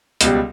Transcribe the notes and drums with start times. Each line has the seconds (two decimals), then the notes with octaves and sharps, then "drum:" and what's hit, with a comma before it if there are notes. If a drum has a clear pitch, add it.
0.21 C#2 B2 G3, drum: hi-hat